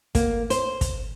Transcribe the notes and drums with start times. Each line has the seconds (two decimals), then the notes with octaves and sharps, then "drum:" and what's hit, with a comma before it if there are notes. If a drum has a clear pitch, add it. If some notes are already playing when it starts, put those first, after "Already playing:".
0.15 A#3, drum: kick, hi-hat
0.50 C5, drum: hi-hat
0.81 drum: kick, hi-hat